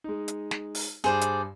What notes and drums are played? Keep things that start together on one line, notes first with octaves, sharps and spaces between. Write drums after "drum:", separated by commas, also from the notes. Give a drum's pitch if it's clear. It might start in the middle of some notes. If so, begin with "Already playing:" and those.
G#3 D#4
drum: hi-hat
drum: snare
drum: open hi-hat
G2 G#4 C5 D5
drum: hi-hat